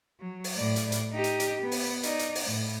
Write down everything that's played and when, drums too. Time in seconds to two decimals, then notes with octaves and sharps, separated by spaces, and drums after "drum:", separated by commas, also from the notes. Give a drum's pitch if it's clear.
0.20 F#3
0.44 drum: open hi-hat
0.57 A2 D5
0.76 drum: hi-hat
0.92 drum: hi-hat
1.12 D#4 G4
1.24 drum: hi-hat
1.40 drum: hi-hat
1.62 B3
1.72 drum: open hi-hat
2.03 D#4 D5, drum: hi-hat
2.19 drum: hi-hat
2.35 drum: open hi-hat
2.45 A2